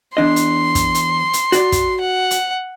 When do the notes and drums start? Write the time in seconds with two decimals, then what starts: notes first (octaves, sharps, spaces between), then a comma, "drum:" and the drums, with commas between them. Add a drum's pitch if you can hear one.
0.17 E2 D4 D#5 C6
0.36 drum: hi-hat
0.75 drum: kick, hi-hat
0.95 drum: hi-hat
1.33 drum: hi-hat
1.52 F#4 D5, drum: hi-hat
1.72 drum: kick, hi-hat
2.01 F#5
2.31 drum: hi-hat